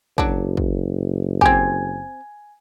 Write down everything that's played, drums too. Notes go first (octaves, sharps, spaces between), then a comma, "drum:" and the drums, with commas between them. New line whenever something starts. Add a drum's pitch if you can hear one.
F#1 F#3 D4, drum: kick
drum: kick
C4 G4 G#5 G#6, drum: kick